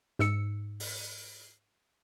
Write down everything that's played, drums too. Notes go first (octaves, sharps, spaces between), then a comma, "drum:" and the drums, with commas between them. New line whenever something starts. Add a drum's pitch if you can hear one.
G#2 E6 C#7, drum: snare
drum: open hi-hat